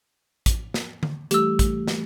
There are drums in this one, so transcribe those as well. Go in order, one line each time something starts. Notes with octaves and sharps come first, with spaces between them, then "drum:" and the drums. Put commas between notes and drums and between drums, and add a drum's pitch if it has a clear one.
drum: kick, hi-hat
drum: snare
drum: tom D3
E3 G3 A3 G4 E6, drum: hi-hat
drum: kick, hi-hat
drum: snare